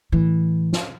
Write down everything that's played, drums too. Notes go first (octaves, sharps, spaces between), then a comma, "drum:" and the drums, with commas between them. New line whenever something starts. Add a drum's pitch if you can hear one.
A2 E3
drum: snare